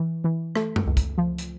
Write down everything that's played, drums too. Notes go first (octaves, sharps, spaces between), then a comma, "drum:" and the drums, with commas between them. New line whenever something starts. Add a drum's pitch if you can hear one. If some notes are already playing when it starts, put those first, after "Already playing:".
Already playing: E3
E3
A3, drum: rim click
drum: tom F#2
C#2
drum: kick, hi-hat
F3
drum: hi-hat